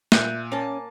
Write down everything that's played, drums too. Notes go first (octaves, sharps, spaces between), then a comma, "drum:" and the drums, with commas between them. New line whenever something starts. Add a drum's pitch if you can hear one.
A#2 E5 F#6 G6 D#7, drum: snare
A#3 C#4 G#5 A5